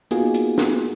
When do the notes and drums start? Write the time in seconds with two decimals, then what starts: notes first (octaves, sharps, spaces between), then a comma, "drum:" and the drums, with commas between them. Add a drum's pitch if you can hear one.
0.11 A#3 B3 D#4 F4 F#4 G#4, drum: hi-hat
0.34 drum: hi-hat
0.58 drum: snare